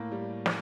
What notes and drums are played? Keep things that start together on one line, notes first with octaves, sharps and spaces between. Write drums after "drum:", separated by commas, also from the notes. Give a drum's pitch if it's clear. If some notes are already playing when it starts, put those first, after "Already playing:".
Already playing: A2 A#3
G3
drum: snare